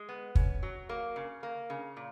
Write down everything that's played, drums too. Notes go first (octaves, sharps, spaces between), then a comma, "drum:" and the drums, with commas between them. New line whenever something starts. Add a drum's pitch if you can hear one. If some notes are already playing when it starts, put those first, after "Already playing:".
Already playing: G#3
B3
C#4, drum: kick
F#3
A#3
C#3
A#3
C#3
A#2